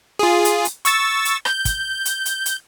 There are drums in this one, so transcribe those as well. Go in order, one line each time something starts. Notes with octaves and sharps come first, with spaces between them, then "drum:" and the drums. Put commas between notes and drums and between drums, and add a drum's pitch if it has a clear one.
F4 G#4
drum: hi-hat
drum: hi-hat
C#6 E6 A6, drum: hi-hat
drum: hi-hat
G6, drum: rim click
drum: kick, hi-hat
drum: hi-hat
drum: hi-hat
drum: hi-hat